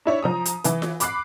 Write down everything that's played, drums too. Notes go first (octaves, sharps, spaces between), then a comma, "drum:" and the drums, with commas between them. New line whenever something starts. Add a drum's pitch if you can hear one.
D4 E4 C#5 D5
F3 A#5 D#6
drum: hi-hat
E3 B4, drum: hi-hat
drum: snare F4
B5 D6 F#6 C7, drum: hi-hat